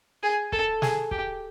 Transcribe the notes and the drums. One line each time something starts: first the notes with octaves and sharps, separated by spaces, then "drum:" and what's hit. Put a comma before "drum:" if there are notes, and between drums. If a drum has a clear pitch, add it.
G#4
A4, drum: kick
G#4, drum: snare
G4, drum: kick